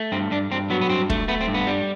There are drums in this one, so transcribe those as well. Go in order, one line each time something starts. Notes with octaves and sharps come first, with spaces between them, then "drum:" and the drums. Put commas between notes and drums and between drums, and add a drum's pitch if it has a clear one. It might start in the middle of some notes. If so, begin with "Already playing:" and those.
Already playing: A3
G2 C4
G2 D4
G2 C4
F#3 B3
B3
G2 C4
A3, drum: kick
A3 B3
C4
G2
B3
G3